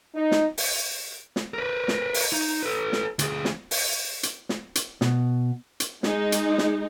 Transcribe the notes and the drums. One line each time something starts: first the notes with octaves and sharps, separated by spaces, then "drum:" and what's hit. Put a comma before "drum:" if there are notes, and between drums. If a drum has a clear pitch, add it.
D#4
drum: snare
drum: open hi-hat
drum: snare
A#4 B4
drum: snare
drum: open hi-hat
D#4
A4 B4
drum: snare
D2 G#4, drum: hi-hat
drum: snare
drum: open hi-hat
drum: hi-hat
drum: snare
drum: hi-hat
B2, drum: snare
drum: hi-hat
G#3 D#4, drum: snare
drum: hi-hat
drum: snare